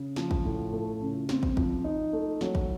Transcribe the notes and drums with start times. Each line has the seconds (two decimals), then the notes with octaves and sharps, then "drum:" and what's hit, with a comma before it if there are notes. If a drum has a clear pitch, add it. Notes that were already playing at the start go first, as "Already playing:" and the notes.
Already playing: C#3
0.16 F3, drum: snare
0.31 drum: kick
0.45 A2
0.73 A3
1.01 C#3
1.29 C4, drum: snare
1.43 drum: kick
1.57 F3, drum: kick
1.84 D#4
2.13 A3
2.41 F#3, drum: snare
2.55 drum: kick